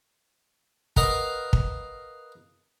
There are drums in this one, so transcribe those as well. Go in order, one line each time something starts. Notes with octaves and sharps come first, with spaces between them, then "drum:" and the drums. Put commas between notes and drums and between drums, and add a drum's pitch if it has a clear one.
A#4 B4 D#5 F5 F#5 A#5, drum: kick
drum: kick